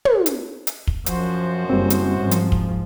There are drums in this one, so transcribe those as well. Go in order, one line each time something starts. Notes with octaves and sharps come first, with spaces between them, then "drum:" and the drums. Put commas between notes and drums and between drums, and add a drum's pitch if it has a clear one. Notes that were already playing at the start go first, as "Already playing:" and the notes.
drum: tom
drum: hi-hat
drum: hi-hat
drum: kick
F#2 F3 F#4 C5, drum: hi-hat
F#1 G3 C4
drum: hi-hat
G#2 F3
drum: hi-hat
drum: kick